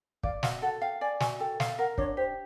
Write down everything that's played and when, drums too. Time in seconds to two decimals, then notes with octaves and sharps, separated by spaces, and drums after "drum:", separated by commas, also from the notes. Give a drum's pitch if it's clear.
0.23 D5 F5, drum: kick
0.43 F#4 F5, drum: snare
0.62 A4 F#5
0.82 F5 G5
1.01 D5 G#5
1.20 F#4 G#5, drum: snare
1.40 A4 G5
1.60 F5, drum: snare
1.79 A#4 F#5
1.98 D4 C#5, drum: kick
2.17 G4 C5